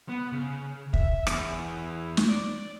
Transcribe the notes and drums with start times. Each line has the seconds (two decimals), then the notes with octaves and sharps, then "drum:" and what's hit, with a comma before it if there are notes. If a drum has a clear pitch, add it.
0.09 B3
0.32 C#3
0.94 E5, drum: kick
1.27 E2, drum: rim click
2.17 drum: snare
2.29 D5